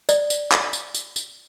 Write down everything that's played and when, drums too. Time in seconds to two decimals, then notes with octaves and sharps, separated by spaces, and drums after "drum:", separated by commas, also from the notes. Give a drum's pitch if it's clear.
0.09 D5, drum: tambourine
0.30 drum: tambourine
0.52 drum: clap
0.73 drum: tambourine
0.95 drum: tambourine
1.16 drum: tambourine